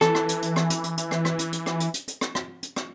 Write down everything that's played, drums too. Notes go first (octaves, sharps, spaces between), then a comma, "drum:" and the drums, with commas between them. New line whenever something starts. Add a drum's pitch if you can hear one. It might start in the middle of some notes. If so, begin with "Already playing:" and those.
E3 A4, drum: rim click
drum: rim click
drum: hi-hat
drum: hi-hat
drum: rim click
drum: hi-hat
drum: hi-hat
drum: hi-hat
drum: rim click
drum: rim click
drum: hi-hat
drum: hi-hat
drum: rim click
drum: hi-hat
drum: hi-hat
drum: hi-hat
drum: rim click
drum: rim click
drum: hi-hat
drum: rim click